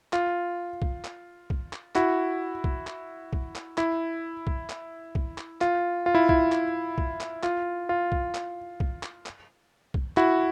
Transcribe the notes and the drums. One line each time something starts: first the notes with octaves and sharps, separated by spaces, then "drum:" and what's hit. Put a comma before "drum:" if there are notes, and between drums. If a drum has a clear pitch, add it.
F4, drum: clap
drum: kick
drum: clap
drum: kick
drum: clap
E4 F#4, drum: clap
drum: kick
drum: clap
drum: kick
drum: clap
E4, drum: clap
drum: kick
drum: clap
drum: kick
drum: clap
F4, drum: clap
F4
E4
E4, drum: kick
drum: clap
drum: kick
drum: clap
F4, drum: clap
F4
drum: kick
drum: clap
drum: kick
drum: clap
drum: clap
drum: kick
E4 F#4, drum: clap